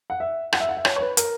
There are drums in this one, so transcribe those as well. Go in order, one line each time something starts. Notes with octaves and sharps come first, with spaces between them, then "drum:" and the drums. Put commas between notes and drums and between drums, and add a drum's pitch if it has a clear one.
F#5
E5
F#5, drum: rim click
E5
F#5
E5
C#5, drum: rim click
C#5
B4
A#4, drum: hi-hat